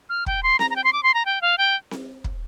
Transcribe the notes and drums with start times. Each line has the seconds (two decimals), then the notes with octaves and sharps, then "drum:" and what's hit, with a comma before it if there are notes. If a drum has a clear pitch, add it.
0.09 F6
0.26 G5, drum: kick
0.43 C6
0.59 A#5, drum: snare C4
0.70 A#5
0.76 G5
0.84 C6
0.93 D6
1.03 C6
1.14 A#5
1.25 G5
1.41 F5
1.58 G5
1.91 drum: snare C4
2.24 drum: kick